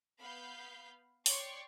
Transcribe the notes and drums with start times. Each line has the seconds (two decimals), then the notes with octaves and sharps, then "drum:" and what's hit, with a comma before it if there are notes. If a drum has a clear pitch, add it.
0.20 B3 F5 B5 G6
1.26 C#5 D5 G5 C6 C#6, drum: open hi-hat